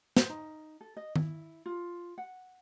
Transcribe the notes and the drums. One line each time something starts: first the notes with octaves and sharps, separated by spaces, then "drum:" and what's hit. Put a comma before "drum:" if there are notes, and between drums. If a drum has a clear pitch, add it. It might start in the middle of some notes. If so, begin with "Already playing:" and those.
C5, drum: snare
D#4
A4
D#5
E4, drum: tom D#3
F4
F#5